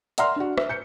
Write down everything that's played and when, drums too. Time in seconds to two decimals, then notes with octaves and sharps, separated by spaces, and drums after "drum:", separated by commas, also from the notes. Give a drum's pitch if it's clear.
0.18 D5 E5 F#5 A#5 C6 F6, drum: hi-hat
0.36 D4 F#4
0.58 E5, drum: rim click
0.69 G6 C#7